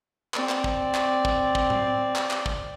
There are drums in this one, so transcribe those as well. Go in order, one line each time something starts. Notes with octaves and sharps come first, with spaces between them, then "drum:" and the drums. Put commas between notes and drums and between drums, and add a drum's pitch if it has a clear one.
C4 D5, drum: clap
drum: clap
drum: kick
drum: clap
drum: kick
drum: kick
drum: tom A2
drum: clap
drum: clap
drum: kick